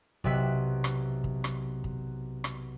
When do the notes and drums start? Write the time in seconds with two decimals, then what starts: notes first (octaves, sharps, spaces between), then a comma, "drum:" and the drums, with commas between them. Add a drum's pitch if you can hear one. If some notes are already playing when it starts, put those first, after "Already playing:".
0.24 B1 C3 E5 F#6, drum: kick
0.84 drum: rim click
1.24 drum: kick
1.44 drum: rim click
1.84 drum: kick
2.44 drum: rim click